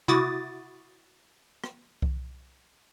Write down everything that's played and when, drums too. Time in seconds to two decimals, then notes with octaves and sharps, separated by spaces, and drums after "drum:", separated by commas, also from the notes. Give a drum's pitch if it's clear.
0.08 E4 F#4 D6 D#6 A6, drum: tom C3
1.64 drum: rim click
2.02 drum: kick C2